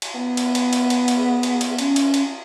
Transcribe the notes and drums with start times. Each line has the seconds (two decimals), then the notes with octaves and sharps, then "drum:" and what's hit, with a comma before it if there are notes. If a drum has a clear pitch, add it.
0.02 drum: cymbal
0.15 B3
0.37 drum: cymbal
0.55 drum: cymbal
0.73 drum: cymbal
0.90 drum: cymbal
1.08 drum: cymbal
1.17 G#4
1.43 drum: cymbal
1.61 drum: cymbal
1.78 C#4, drum: cymbal
1.96 drum: cymbal
2.14 drum: cymbal